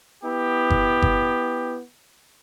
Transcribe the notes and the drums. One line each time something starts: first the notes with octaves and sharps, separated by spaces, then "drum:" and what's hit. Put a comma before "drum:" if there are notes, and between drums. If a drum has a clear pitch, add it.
B3 E4 G4
drum: kick G1
drum: kick G1